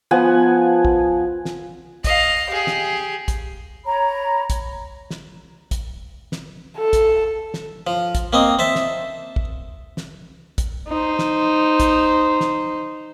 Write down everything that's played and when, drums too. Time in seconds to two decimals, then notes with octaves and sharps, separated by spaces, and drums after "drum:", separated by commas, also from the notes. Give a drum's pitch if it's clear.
0.11 F3 B3 F#5 G#5
0.85 drum: kick
1.45 drum: snare
2.04 D#5 F5, drum: kick, hi-hat
2.50 G4 G#4
2.67 drum: snare
3.28 drum: kick, hi-hat
3.86 C#5 A#5 B5
4.50 drum: kick, hi-hat
5.10 drum: snare
5.71 drum: kick, hi-hat
6.32 drum: snare
6.77 A4
6.93 drum: kick, hi-hat
7.54 drum: snare
7.87 F3
8.15 drum: kick, hi-hat
8.33 A#3 C4 D#5
8.59 C5 E5 A5
8.75 drum: snare
9.36 drum: kick
9.97 drum: snare
10.58 drum: kick, hi-hat
10.88 D#4 C5
11.19 drum: snare
11.80 drum: kick, hi-hat
12.40 drum: snare